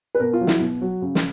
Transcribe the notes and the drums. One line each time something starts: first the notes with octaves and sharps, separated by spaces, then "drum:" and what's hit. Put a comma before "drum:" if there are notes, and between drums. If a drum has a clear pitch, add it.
B4
B2 A#4
F4
F#3
E4, drum: snare
B2
F#3
C#3
drum: snare